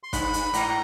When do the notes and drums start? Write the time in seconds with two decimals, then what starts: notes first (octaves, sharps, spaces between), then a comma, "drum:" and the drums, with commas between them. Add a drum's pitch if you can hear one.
0.03 C6
0.13 G2 B5, drum: kick, hi-hat
0.34 drum: hi-hat
0.54 G#2 A#5, drum: hi-hat